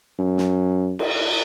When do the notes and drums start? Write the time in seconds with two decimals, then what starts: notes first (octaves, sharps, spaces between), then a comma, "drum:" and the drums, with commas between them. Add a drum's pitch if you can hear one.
0.19 F#2
0.38 drum: snare
0.99 drum: cymbal